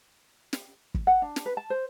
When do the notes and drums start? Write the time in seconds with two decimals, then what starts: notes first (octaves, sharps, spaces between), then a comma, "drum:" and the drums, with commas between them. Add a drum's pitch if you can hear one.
0.53 drum: snare
0.94 drum: kick
1.07 F#5
1.22 D4
1.36 drum: snare
1.46 B4
1.57 A5
1.70 C5